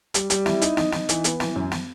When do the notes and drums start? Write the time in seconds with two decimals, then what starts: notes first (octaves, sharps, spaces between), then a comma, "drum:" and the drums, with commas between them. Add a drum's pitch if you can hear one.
0.14 G3, drum: hi-hat
0.30 G3, drum: hi-hat
0.46 E4, drum: snare
0.62 D#4, drum: hi-hat
0.77 D#4, drum: snare
0.92 D#4, drum: snare
1.09 E3, drum: hi-hat
1.24 B3, drum: hi-hat
1.40 E3, drum: snare
1.56 F#2
1.72 drum: snare